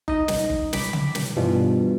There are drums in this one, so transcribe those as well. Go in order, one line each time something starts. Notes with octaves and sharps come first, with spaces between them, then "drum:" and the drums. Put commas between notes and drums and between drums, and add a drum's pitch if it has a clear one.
D#4 D#5, drum: kick F#1
drum: snare
drum: kick F#1
B5 D6 B6, drum: snare
drum: tom C#3
drum: snare
G2 B2 E3 F3